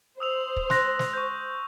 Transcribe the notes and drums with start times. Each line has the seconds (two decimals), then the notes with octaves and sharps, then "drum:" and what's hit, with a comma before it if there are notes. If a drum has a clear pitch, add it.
0.20 C5 D#6 E6 F7
0.56 drum: kick
0.70 C6 F#6 A#6, drum: snare
0.99 drum: snare
1.13 C#6 G6